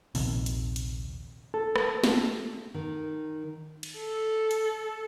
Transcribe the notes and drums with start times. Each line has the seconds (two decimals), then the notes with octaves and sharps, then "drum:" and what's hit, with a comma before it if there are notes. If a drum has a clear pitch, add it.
0.15 A#1 D#2 C3, drum: open hi-hat
0.46 drum: hi-hat
0.76 drum: hi-hat
1.54 A4
1.76 drum: rim click
2.04 drum: snare
2.74 D#3
3.83 drum: cymbal
3.97 A4
4.51 drum: hi-hat